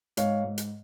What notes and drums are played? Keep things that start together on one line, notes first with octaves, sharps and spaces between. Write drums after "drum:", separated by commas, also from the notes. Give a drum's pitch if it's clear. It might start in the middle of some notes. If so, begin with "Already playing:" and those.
G#2 C#5 F5, drum: hi-hat
G#2
drum: hi-hat